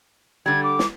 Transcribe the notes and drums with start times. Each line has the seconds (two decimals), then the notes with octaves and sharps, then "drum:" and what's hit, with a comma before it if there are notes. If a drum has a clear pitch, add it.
0.46 D3 G3 G#6
0.63 D6
0.79 drum: snare